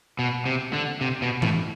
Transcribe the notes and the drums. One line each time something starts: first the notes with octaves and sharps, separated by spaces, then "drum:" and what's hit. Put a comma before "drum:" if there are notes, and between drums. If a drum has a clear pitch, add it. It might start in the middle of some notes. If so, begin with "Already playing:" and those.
B2
C3
D3
C3
B2
A2, drum: tom E3